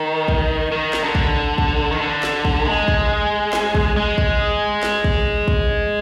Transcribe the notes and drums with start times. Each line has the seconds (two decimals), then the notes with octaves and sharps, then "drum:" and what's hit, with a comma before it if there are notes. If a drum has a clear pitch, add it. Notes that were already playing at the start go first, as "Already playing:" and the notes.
Already playing: D#3
0.28 drum: kick
0.72 D#3
0.93 drum: snare
1.04 D3
1.15 drum: kick
1.58 drum: kick
1.92 D#3
2.01 D3
2.23 drum: snare
2.45 drum: kick
2.66 G#3
2.88 drum: kick
3.53 drum: snare
3.75 drum: kick
3.96 G#3
4.18 drum: kick
4.83 drum: snare
5.04 drum: kick
5.48 drum: kick